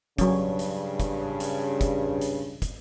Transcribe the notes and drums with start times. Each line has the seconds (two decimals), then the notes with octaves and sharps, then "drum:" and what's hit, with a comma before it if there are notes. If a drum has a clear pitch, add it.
0.18 G2 C#3 F#3 C#4, drum: kick, hi-hat
0.59 drum: hi-hat
1.00 drum: kick, hi-hat
1.40 drum: hi-hat
1.81 drum: kick, hi-hat
2.21 drum: hi-hat
2.62 drum: kick, hi-hat